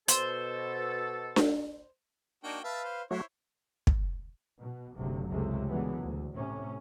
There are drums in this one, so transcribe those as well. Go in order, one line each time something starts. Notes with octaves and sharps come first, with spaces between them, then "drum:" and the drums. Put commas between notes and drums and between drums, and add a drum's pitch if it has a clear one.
B2 A4 C5, drum: hi-hat
drum: snare D4
A#3 D4 D#4 F#4 G5
B4 E5 F5 A5
C5
F#3 A3 E4 F#4 C5 C#5
drum: kick
B2
F#1 D2 C3 F#3
C#2 C3 G#3 A3
A#2 D3 E3 F#3 G#3 B3
D2
A2 C3 C#4